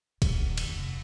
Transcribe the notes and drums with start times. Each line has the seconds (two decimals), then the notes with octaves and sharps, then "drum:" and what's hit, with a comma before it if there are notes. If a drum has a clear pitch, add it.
0.22 D#1 D#3, drum: kick B1, cymbal
0.58 drum: cymbal
0.69 F1